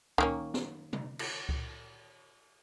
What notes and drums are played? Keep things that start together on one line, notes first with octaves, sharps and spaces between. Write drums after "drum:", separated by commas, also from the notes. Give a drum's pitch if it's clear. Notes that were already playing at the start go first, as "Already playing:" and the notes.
D#3 A#3 C#4, drum: kick C#2
drum: snare
drum: tom
drum: cymbal
drum: kick C#2